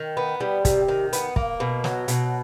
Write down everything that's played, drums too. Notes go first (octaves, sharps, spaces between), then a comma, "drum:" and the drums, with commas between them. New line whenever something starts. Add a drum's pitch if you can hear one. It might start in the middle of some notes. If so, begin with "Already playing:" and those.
Already playing: D#3
B3
G3
C3, drum: kick, hi-hat
D#3
B3, drum: hi-hat
A#3, drum: kick
B2
F#3, drum: snare
B2, drum: hi-hat